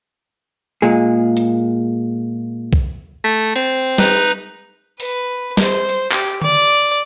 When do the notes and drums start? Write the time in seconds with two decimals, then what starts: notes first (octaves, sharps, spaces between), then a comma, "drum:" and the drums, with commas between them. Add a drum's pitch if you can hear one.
0.82 A#2 G#3 G#4
1.37 drum: hi-hat
2.73 drum: kick C2
3.24 A3
3.56 C4, drum: hi-hat
3.98 D#4 B4, drum: snare
5.00 B4, drum: open hi-hat
5.57 C5, drum: snare
5.89 drum: open hi-hat
6.11 G4, drum: clap
6.42 D5, drum: tom D3